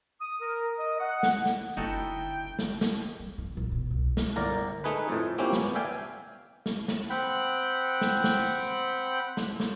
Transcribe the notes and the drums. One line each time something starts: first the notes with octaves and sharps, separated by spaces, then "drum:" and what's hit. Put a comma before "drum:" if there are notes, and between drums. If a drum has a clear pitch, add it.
D#6
A#4
D#5
F#5
drum: snare
drum: snare
F#1 D2 D#4 E4 F#4 A4 G5
drum: snare
drum: snare
G3
C#3
A#1
B2
C2
drum: snare
G1 A2 A#4 D5
A3 D#4 G#4 B4
F2 A2
A#3 C4 C#4 E4 F4 G4
drum: snare
B3
A4 D5 E5 F5 G5 G#5
drum: snare
drum: snare
C4 F#5 G5 B5
drum: snare
drum: snare
drum: snare
drum: snare